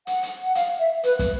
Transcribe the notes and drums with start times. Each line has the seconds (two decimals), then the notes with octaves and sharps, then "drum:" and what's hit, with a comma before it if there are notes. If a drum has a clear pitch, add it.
0.07 F#5, drum: hi-hat
0.23 drum: hi-hat
0.44 F#5
0.55 F5, drum: hi-hat
0.79 E5
1.03 B4, drum: hi-hat
1.19 drum: kick, hi-hat